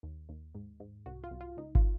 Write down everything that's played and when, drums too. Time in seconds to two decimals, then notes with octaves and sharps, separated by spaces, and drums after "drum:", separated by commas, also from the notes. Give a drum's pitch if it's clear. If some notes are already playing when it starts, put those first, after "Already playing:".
0.03 D#2
0.29 D#2
0.55 G#2
0.80 G#2
1.06 C2 F#4
1.24 F4
1.31 C2
1.41 F4
1.57 C#2 D#4
1.75 F4, drum: kick G1